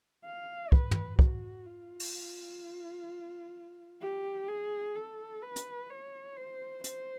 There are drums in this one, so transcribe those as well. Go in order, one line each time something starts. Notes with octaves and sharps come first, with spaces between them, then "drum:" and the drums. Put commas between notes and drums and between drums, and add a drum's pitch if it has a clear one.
F5
B4, drum: kick
drum: tom
F#4, drum: kick
F4
drum: open hi-hat
G4
G#4
A4
B4
drum: hi-hat
C#5
C5
C5, drum: hi-hat